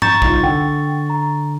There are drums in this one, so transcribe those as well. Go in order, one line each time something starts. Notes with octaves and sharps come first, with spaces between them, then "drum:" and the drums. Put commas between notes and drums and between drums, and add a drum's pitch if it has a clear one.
A#5 C#6 G6 A6 E7, drum: tom G2
C2 D#4 F4, drum: kick
D3 F#5 G5
A#5